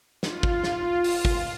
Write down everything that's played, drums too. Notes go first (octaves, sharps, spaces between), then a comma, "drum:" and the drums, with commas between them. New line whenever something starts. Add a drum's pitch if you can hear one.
F4, drum: snare
drum: kick
drum: snare
drum: open hi-hat
drum: kick